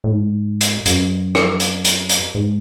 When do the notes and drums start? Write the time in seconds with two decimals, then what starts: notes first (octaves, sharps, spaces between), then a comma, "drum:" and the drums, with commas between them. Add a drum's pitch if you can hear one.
0.04 A2
0.11 G#2
0.61 drum: hi-hat
0.86 F#2, drum: hi-hat
1.35 drum: rim click
1.60 drum: hi-hat
1.84 drum: hi-hat
2.09 drum: hi-hat
2.34 G#2